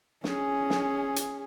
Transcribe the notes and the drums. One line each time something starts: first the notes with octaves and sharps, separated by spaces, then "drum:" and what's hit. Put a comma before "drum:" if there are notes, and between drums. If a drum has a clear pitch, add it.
C#4 G#4, drum: snare
drum: snare
drum: hi-hat